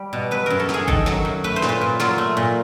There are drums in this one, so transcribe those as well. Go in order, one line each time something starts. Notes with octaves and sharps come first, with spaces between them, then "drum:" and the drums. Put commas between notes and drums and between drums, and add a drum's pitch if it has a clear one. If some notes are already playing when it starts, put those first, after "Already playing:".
Already playing: G3
B2
F#3 B4
F#2 A#4
A4
F#2, drum: snare
G#4
D#3 A4, drum: kick
F#3, drum: snare
F#2
A3 B4
C5
A#2, drum: snare
B4
A#2
F#3 F4, drum: snare
A3
A#2